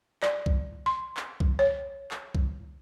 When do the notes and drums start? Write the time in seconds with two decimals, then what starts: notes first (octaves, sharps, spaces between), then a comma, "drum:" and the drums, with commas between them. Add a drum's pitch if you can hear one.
0.23 D5, drum: clap
0.46 drum: kick B1
0.86 C6
1.17 drum: clap
1.40 drum: kick B1
1.59 C#5
2.11 drum: clap
2.35 drum: kick B1